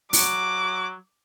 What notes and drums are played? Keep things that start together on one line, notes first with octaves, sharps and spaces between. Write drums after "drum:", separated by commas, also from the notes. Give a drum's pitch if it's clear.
F#3 D6, drum: open hi-hat